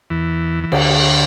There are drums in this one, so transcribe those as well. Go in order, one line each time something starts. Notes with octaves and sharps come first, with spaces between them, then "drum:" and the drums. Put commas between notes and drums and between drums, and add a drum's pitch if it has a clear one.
E2 E3
E3
D2 D3, drum: cymbal